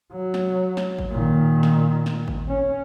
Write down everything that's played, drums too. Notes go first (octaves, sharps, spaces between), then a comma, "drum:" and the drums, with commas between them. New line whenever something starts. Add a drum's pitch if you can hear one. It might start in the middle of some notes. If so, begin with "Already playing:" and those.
F#3
drum: snare
drum: snare
drum: kick G#1
A#2 D#3
drum: snare
drum: snare
drum: kick G#1
C#4